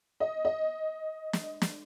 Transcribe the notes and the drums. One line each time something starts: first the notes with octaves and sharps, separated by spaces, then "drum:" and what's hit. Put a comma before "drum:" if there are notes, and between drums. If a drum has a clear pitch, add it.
D#5
D#5
drum: snare
drum: snare